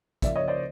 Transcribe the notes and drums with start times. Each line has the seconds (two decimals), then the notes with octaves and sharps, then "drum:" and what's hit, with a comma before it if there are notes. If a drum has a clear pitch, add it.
0.22 C#3 F3 A#3 D5 E5, drum: kick, hi-hat
0.35 C#5 D#5
0.48 C5 D5